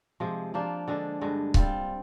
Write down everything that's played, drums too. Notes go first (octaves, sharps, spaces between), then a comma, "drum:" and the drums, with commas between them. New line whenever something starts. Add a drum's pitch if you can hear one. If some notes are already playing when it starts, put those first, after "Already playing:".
C3 F3 G#3
F3 A#3 D4
D3 G#3 D4
G2 D3 G#3
G3 C4 F4, drum: kick C#1